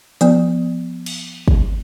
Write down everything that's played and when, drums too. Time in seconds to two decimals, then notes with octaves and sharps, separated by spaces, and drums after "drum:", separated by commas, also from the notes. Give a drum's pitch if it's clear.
0.21 F3 B3, drum: hi-hat
1.06 drum: cymbal
1.48 drum: kick